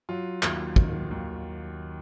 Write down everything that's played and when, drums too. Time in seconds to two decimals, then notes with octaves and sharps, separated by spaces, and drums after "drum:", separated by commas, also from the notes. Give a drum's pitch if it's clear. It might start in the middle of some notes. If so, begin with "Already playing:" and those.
0.09 F#3 F4
0.43 D#2, drum: clap
0.76 D#3, drum: kick
1.11 D#2